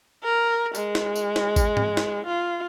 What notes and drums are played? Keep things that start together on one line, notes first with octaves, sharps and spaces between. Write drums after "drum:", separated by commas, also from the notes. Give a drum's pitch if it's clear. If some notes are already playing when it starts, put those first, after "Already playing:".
A#4
G#3, drum: tambourine
drum: snare
drum: tambourine
drum: snare
drum: kick G#1, tambourine
drum: tom G#2
drum: snare
F4